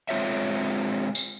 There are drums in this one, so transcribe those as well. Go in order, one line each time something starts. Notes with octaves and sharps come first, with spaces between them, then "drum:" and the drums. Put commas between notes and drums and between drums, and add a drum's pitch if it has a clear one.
G#3 C4 F4 C#5 E5
drum: tambourine